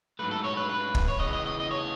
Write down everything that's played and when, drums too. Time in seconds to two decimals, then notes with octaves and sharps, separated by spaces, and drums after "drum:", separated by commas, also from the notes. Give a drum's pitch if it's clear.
0.19 G#2 F#3 A3 B4
0.31 A4
0.44 C#5
0.57 B4
0.69 B4
0.95 drum: kick
1.08 C#5
1.19 E2 C#3 E3 D#5
1.33 D#5
1.46 D#5
1.60 D#5
1.71 C#5